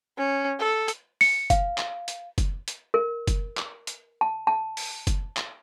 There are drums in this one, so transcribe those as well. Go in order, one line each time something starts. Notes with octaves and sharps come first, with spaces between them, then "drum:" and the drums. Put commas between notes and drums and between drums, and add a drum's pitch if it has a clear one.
C#4
A4
drum: hi-hat
C#7, drum: open hi-hat
F5, drum: kick, hi-hat
drum: clap
drum: hi-hat
drum: kick, hi-hat
drum: hi-hat
A#4
drum: kick, hi-hat
drum: clap
drum: hi-hat
A5
A5
drum: open hi-hat
drum: kick, hi-hat
drum: clap